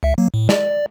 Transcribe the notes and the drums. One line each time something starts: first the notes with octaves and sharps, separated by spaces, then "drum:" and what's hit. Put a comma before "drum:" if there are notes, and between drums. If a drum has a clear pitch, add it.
C#2 E5
F#3 A#3
A2
D5, drum: snare